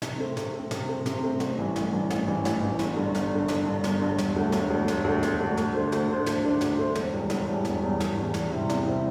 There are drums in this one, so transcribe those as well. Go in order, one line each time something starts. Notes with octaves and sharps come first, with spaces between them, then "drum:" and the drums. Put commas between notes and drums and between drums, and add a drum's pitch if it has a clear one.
C3, drum: snare
A3 C4
C3, drum: snare
A3
C4
C3, drum: snare
A3 C4
C3, drum: snare
A3 C4
A1, drum: snare
G2 E3
A1, drum: snare
G2 E3
A1, drum: snare
G2 E3
A1, drum: snare
G2 E3
G1, drum: snare
G2 D3
G1, drum: snare
G2 D3
G1, drum: snare
G2 D3
G1, drum: snare
G2 D3
E1, drum: snare
D2 D3 A3
E1, drum: snare
D2 D3 A3
E1, drum: snare
D2 D3 A3
E1, drum: snare
D2 D3 A3
D2, drum: snare
D3 A3 D4 C5
D2, drum: snare
D3 A3 D4 C5
D2, drum: snare
D3 A3 D4 C5
D2, drum: snare
D3 A3 D4 C5
E1, drum: snare
E2 E3 G3
E1, drum: snare
E2 E3 G3
E1, drum: snare
E2 E3 G3
E1, drum: snare
E2 E3 G3
E2, drum: snare
C3 G3 C4 E4
E2, drum: snare
C3 G3 C4 E4